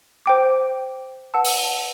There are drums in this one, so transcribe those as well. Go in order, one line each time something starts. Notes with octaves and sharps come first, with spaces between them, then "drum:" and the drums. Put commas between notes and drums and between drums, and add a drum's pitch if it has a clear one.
C5 G5 D6
B4 F#5 A5 E6
drum: open hi-hat